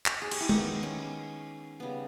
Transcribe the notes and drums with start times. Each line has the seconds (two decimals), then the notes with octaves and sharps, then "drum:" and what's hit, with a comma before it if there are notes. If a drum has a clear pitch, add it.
0.06 drum: clap
0.22 G#4
0.31 G4, drum: cymbal
0.40 E4
0.49 D#3 G#3 B3 D#4, drum: tom
0.83 C#4
1.80 C#3 G3 B3